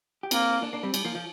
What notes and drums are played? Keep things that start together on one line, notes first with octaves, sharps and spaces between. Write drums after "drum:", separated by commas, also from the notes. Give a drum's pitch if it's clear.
G4
A#3 C4 F4, drum: cymbal
A#3 D4
A#3 D4
G3 C4
G3, drum: cymbal
F3 A#3
F3